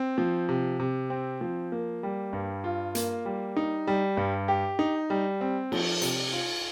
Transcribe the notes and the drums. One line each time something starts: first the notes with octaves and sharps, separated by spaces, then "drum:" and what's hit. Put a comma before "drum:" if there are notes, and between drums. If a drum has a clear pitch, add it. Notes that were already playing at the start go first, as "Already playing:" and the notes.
Already playing: C4
F3
C3
C3
C4
F3
A#3
G3
G2
F4
A#3, drum: hi-hat
G3
D#4
G3
G2
G4
D#4
G3
C4
F3, drum: cymbal
C3, drum: hi-hat
F4